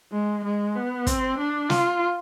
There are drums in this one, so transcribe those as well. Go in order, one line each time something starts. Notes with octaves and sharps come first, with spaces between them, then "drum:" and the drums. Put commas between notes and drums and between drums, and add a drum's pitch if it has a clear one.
G#3
G#3
B3
C4, drum: kick, hi-hat
D4
F4, drum: snare